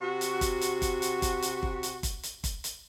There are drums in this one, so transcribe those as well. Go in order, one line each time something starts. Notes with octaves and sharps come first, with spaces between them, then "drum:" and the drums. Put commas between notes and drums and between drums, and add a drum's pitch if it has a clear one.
C3 F#4
drum: hi-hat
drum: kick, hi-hat
drum: hi-hat
drum: kick, hi-hat
drum: hi-hat
drum: kick, hi-hat
drum: hi-hat
drum: kick
drum: hi-hat
drum: kick, hi-hat
drum: hi-hat
drum: kick, hi-hat
drum: hi-hat